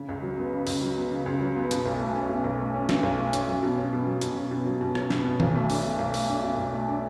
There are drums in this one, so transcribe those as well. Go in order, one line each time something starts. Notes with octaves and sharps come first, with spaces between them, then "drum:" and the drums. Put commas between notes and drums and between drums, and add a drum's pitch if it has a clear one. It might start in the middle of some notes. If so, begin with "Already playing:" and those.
Already playing: C#3
C#2
F#3
B3
C#3
C#2, drum: open hi-hat
F#3
B3
C#3
C#2
F#3
B3
B2, drum: hi-hat
B1
A3
C#4
B2
B1
A3
C#4
B2, drum: snare
B1
A3
C#4, drum: hi-hat
F#3
B2
C#4
B2
F#3
B2, drum: hi-hat
C#4
B2
F#3
B2
C#4, drum: rim click
B2, drum: snare
B2
B1, drum: tom D#3
A3
D4, drum: open hi-hat
B2
B1
A3, drum: open hi-hat
D4
B2
B1
A3
D4